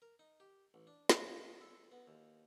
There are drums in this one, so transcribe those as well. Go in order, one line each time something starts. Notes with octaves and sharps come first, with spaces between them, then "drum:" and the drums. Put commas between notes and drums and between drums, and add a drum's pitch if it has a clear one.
A#4
D#4
G4
A1
D4
G#2, drum: snare
F3
A4
B3
D#2